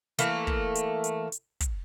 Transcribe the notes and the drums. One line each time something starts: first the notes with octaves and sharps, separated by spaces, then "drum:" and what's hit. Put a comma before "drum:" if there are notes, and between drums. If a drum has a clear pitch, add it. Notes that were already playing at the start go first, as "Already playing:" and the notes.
E3 A3 A#3, drum: hi-hat
drum: kick
drum: hi-hat
drum: hi-hat
drum: hi-hat
drum: kick, hi-hat